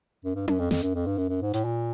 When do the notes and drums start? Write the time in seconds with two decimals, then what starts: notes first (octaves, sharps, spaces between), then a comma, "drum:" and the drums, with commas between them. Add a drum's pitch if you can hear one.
0.25 F#2
0.36 G2
0.48 F#2, drum: tom C#4
0.59 F2
0.71 F2, drum: snare
0.83 F#2
0.95 F2
1.06 G2
1.18 F#2
1.29 F#2
1.42 G#2
1.53 A2, drum: hi-hat
1.65 A#2